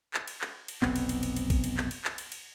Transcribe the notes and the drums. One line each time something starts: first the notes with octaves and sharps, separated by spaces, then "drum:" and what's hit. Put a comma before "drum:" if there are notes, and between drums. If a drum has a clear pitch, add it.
drum: clap
drum: cymbal
drum: clap
drum: cymbal
F1 B1 B3 C4, drum: clap
drum: cymbal
drum: cymbal
drum: cymbal
drum: cymbal
drum: kick A1, cymbal
drum: cymbal
drum: clap
drum: cymbal
drum: clap
drum: cymbal
drum: cymbal